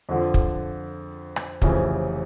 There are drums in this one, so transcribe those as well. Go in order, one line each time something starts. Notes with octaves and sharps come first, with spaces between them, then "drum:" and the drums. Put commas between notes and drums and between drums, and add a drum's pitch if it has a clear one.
F2 D3 F3
drum: kick
drum: rim click
F1 F2 C#3 E3, drum: kick